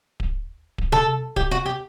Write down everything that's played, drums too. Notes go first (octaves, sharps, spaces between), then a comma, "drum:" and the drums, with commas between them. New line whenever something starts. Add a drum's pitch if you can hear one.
drum: kick D1
drum: kick D1
A4, drum: tom C3
G4, drum: kick D1
F#4
G4